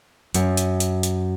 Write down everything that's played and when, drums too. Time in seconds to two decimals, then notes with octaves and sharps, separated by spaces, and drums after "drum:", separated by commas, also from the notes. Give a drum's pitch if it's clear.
0.34 F#2, drum: hi-hat
0.57 drum: hi-hat
0.80 drum: hi-hat
1.03 drum: hi-hat